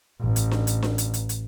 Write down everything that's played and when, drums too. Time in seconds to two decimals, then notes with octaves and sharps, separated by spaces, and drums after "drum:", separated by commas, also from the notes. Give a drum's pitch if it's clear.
0.20 A1
0.36 drum: hi-hat
0.51 drum: snare D4
0.67 drum: hi-hat
0.83 drum: snare D4
0.98 drum: hi-hat
1.14 drum: hi-hat
1.29 drum: hi-hat